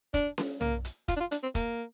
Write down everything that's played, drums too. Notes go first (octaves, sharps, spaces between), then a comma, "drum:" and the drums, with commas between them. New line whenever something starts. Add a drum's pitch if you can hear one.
D4, drum: kick F1, hi-hat
drum: snare C#4
A#3, drum: tom
drum: hi-hat
F4, drum: kick F1, hi-hat
D4
F4
D4, drum: hi-hat
C4
A#3, drum: kick F1, hi-hat